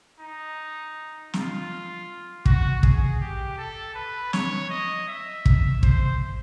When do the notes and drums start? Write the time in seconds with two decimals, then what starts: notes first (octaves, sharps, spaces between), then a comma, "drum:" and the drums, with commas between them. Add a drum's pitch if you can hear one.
0.20 D#4
1.34 F4, drum: snare
2.46 F#4, drum: kick
2.83 G#4, drum: kick
3.21 G4
3.58 A4
3.95 B4
4.33 C#5, drum: snare
4.70 D#5
5.08 E5
5.46 drum: kick
5.83 C5, drum: kick